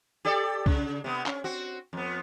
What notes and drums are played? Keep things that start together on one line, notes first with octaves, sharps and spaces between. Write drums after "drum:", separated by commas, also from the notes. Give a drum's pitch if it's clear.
G4 A4 D5
C#3, drum: kick C2
C3 B3
C#4, drum: clap
C4 F#4
F2 B3